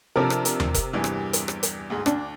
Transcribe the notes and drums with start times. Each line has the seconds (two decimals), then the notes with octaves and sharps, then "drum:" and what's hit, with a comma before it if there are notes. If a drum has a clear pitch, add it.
0.16 C3 F3 D4 A4 A#4
0.30 drum: rim click
0.45 drum: hi-hat
0.60 drum: tom D#2
0.74 drum: kick F1, hi-hat
0.93 E2 G2 E3
1.04 drum: rim click
1.33 drum: hi-hat
1.48 drum: rim click
1.63 drum: hi-hat
1.90 D2 G#2 G#3
2.06 D2 D4, drum: rim click